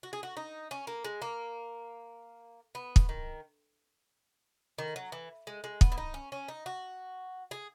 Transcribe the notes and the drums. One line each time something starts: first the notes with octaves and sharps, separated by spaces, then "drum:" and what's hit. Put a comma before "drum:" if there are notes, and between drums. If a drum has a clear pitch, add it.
F#4
G#4
F#4
D#4
C#4
A#3
G#3
A#3
B3
drum: kick
D#3
D#3
F#3
E3
G#3
G#3
B3, drum: kick
E4
D#4
C#4
C#4
D#4
F#4
G#4